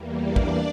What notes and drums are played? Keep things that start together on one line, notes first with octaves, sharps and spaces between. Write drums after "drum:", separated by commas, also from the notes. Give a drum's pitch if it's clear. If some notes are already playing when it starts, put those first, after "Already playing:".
Already playing: E2 E3 G3 A#3
D4 D5
drum: kick